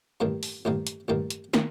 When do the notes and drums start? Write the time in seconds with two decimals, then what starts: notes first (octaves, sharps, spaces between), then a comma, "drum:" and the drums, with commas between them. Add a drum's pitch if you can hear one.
0.20 A1 G2 D#3 A#3
0.43 drum: open hi-hat
0.65 A1 G2 D#3 A#3
0.87 drum: hi-hat
1.08 A1 G2 D#3 A#3
1.30 drum: hi-hat
1.54 D#3 A#3, drum: snare